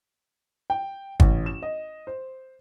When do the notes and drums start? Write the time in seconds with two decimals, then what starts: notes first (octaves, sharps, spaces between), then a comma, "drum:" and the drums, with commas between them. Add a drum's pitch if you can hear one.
0.70 G5
1.20 A1, drum: kick
1.46 E7
1.62 D#5
2.07 C5